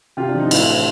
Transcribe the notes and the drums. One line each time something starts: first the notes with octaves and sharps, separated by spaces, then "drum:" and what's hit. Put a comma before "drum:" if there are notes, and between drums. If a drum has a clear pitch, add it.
C3 F4 G4
D4
F3
D#4
A2 D4 E4, drum: cymbal
E3